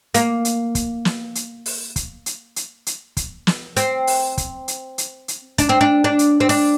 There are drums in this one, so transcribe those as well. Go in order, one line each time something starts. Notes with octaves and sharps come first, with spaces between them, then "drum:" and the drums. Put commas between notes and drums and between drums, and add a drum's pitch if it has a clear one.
A#3, drum: hi-hat
drum: hi-hat
drum: kick, hi-hat
drum: snare
drum: hi-hat
drum: open hi-hat
drum: kick, hi-hat
drum: hi-hat
drum: hi-hat
drum: hi-hat
drum: kick, hi-hat
drum: snare
C4, drum: hi-hat
drum: open hi-hat
drum: kick, hi-hat
drum: hi-hat
drum: hi-hat
drum: hi-hat
D4, drum: kick, hi-hat
C4
D4
D4
drum: hi-hat
C4
D4, drum: open hi-hat